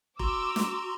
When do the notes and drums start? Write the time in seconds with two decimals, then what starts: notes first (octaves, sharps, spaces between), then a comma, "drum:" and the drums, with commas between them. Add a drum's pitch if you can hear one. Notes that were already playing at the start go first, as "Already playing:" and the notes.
0.19 F#4 A#5 C6 D6 E6, drum: kick E1
0.56 drum: snare